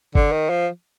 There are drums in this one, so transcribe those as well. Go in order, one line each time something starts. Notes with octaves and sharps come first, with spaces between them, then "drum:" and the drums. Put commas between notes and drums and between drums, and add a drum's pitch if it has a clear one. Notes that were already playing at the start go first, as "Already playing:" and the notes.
D3, drum: kick
D#3
F3